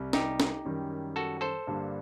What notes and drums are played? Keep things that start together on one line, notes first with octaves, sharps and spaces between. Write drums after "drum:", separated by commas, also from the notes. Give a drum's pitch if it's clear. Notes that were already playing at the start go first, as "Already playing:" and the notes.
Already playing: C2 C3 G3
D#4 G4, drum: snare
drum: snare
F#2 D#3 G3
F#4 A4
A4 C5
G2 D3 G3 A#3